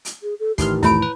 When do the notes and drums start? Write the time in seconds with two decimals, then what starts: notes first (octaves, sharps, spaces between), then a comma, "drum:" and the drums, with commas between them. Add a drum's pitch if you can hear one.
0.05 drum: hi-hat
0.23 G#4
0.40 A4
0.58 A2 D#3 E3 G4 C6 F6, drum: kick, hi-hat
0.83 F2 A3 E4 C#5 B5 D7, drum: snare
1.02 B4